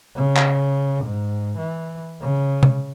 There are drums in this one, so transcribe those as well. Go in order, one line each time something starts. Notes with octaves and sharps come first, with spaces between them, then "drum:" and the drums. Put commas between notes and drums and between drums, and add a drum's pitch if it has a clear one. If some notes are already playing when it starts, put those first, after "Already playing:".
C#3
drum: clap
G#2
E3
C#3
drum: tom C3